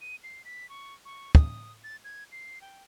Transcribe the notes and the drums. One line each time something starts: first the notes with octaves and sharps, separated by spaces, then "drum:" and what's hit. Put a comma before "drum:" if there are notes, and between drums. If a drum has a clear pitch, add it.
D#7
C7
B6
C#6
C#6
D#6, drum: kick
A6
G#6
C7
G5